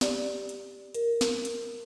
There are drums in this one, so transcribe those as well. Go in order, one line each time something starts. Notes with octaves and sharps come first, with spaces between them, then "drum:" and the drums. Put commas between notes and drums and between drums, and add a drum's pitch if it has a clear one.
G4 D5, drum: snare
drum: hi-hat
A#4, drum: hi-hat
drum: snare
drum: hi-hat